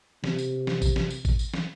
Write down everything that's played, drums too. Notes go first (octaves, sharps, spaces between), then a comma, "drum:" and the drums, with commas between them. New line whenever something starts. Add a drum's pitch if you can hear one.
C3, drum: snare
drum: tambourine
drum: snare
drum: kick A1, tambourine
drum: snare
drum: tambourine
drum: kick A1, tambourine
drum: tambourine
drum: snare